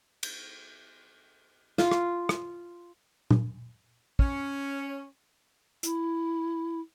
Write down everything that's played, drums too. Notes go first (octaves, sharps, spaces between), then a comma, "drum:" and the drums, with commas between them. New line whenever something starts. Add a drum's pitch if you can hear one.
drum: cymbal
F4, drum: snare
drum: rim click
drum: rim click
drum: tom A#2
C#4, drum: kick
E4, drum: hi-hat